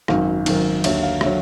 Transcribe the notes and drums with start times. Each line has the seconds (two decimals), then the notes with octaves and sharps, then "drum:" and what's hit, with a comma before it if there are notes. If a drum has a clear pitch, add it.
0.08 G#1 F#2 D#3 F5, drum: rim click
0.46 G#1 F#2 D#3, drum: cymbal
0.84 D#2 D3 F#3 E5, drum: cymbal
1.03 F5
1.21 D3 F#3 E5, drum: rim click